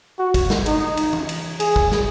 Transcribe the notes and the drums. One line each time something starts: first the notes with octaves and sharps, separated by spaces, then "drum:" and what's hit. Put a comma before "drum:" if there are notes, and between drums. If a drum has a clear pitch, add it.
F#4
drum: kick, cymbal
drum: snare
D#4, drum: cymbal
drum: cymbal
drum: tom E3
drum: cymbal
G#4, drum: cymbal
drum: kick
drum: snare